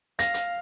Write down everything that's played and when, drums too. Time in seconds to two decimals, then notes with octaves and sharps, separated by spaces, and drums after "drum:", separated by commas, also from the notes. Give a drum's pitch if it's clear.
0.19 F5 A#6, drum: hi-hat
0.34 drum: hi-hat